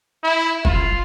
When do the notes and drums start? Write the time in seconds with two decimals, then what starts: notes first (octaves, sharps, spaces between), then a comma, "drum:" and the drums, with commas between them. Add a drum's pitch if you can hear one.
0.24 E4
0.65 F4, drum: kick